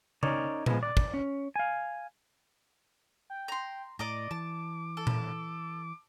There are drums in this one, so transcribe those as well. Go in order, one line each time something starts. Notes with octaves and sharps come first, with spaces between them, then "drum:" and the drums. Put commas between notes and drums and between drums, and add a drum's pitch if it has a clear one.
C#4 D#4 A#4 C#5 D5, drum: tom C#3
F3 G#3 B3 E4 A#4 B4, drum: tom A#2
D5
drum: kick
C#4
F5 G#5
G5
A#5 C6
A2 D5 D#5 A#5 D6
E3 A5
A4
drum: tom A#2